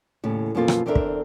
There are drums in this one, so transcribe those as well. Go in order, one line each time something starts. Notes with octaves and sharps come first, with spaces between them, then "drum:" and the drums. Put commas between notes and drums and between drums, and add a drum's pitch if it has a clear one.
D#2 A2 C#3
F#2 B2 F3 A#3 F4 A4
drum: rim click
E2 C4 D4 A4 A#4 E5
drum: kick